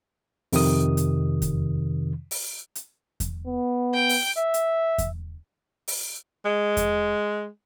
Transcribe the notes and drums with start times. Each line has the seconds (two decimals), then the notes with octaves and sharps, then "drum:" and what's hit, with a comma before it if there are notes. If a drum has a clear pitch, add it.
0.52 F2 C3 D#3 D#6, drum: open hi-hat
0.97 drum: hi-hat
1.42 drum: kick E2, hi-hat
2.31 drum: open hi-hat
2.75 drum: hi-hat
3.20 drum: kick E2, hi-hat
3.47 B3
3.94 G5
4.09 drum: open hi-hat
4.37 E5
4.54 drum: hi-hat
4.98 drum: kick E2, hi-hat
5.88 drum: open hi-hat
6.45 G#3
6.77 drum: kick E2, hi-hat